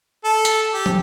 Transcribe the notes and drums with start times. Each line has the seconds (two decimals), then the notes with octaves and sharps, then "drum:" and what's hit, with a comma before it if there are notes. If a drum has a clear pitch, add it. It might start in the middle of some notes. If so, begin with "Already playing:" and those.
0.24 A4
0.45 drum: hi-hat
0.73 G4
0.86 drum: tom